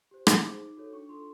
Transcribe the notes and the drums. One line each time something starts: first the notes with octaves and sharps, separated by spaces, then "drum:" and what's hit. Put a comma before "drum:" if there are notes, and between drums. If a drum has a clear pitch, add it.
G4 C5
D#4 D6, drum: rim click
G#4 C5
D#4
F#4 A4 C#5
D4 C#6
F4 A4 C6